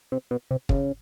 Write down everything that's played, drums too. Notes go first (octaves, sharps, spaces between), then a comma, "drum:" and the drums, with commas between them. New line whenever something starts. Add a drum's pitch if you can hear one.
C3
B2
C3
C#3, drum: kick